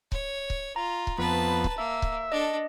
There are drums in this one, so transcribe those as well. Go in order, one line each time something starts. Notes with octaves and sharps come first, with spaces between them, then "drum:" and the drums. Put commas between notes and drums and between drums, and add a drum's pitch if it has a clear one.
C#5, drum: kick C#1
drum: kick C#1
F4 A#5
drum: kick C#1
F2 B3 B4 A5
drum: kick C#1
A#3 E5
drum: kick C#1
D4 A4 D#5